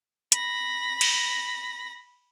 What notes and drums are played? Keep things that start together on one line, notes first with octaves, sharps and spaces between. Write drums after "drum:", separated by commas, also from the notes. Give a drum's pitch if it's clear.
B5 A#6, drum: hi-hat
drum: cymbal